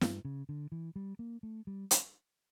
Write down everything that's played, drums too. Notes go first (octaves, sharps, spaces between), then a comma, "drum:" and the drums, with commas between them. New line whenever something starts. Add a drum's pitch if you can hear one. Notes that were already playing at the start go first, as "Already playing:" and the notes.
G2, drum: snare
C#3
D3
E3
G3
A#3
A3
G3
drum: hi-hat